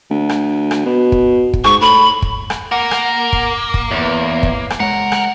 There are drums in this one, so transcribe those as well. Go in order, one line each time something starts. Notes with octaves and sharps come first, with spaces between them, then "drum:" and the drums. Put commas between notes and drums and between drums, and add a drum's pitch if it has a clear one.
D2
drum: rim click
drum: rim click
B2
drum: kick
drum: kick
G#2 C#6, drum: rim click
A2 B5
drum: kick
drum: rim click
A#3 A#4 F#5
drum: rim click
drum: kick
drum: kick
E2 B4 C#5 D5
drum: kick
drum: rim click
G#3 A#4 C#5 F#5
drum: rim click